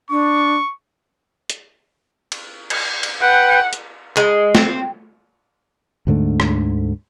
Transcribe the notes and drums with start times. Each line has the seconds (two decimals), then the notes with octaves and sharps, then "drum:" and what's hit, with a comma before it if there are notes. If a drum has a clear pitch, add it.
0.11 D4 C#6
1.50 drum: hi-hat
2.32 drum: cymbal
2.70 drum: cymbal
3.03 drum: cymbal
3.21 B4 F#5 G5
3.73 drum: hi-hat
4.17 G#3, drum: clap
4.55 C4, drum: snare
6.07 D2 G#2 D3 A3
6.40 drum: rim click